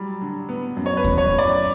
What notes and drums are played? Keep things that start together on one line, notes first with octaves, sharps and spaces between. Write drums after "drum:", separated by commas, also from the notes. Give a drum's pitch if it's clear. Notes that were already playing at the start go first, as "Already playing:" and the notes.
Already playing: F#3 G3
D3
B3
F#2
C#5
B4
F#2, drum: kick D#2
C#5
F#2
D5